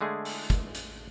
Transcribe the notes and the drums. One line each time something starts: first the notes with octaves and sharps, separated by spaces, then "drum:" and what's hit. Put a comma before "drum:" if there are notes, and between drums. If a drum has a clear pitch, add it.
D3 G#3 A3 G#4
drum: open hi-hat
drum: kick, hi-hat
drum: hi-hat